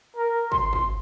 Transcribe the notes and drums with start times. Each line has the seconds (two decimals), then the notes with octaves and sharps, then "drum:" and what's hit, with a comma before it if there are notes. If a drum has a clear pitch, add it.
0.17 A#4
0.52 C6, drum: kick
0.73 drum: kick